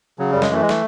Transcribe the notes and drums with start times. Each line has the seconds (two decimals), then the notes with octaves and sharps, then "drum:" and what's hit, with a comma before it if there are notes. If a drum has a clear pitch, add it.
0.19 C#3 F#3
0.32 F#2 G3
0.42 G#3, drum: snare
0.50 E3 A3
0.62 G#3
0.69 A3, drum: snare